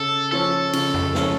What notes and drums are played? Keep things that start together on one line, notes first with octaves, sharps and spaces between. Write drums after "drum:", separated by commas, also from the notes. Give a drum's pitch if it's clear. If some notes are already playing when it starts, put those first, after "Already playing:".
Already playing: C#3 A4
F3 C#4 F4 A4
C#3, drum: cymbal
drum: tom F2
F3 C#4 F4, drum: snare